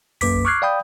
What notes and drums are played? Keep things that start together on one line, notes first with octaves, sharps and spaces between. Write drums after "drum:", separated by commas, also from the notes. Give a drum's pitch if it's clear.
B1 F#2 A#3 B4 D6 B6, drum: kick, open hi-hat
C#6 D6 F6 F#6 G#6 C7
D5 F5 G5 B5 D#6 G6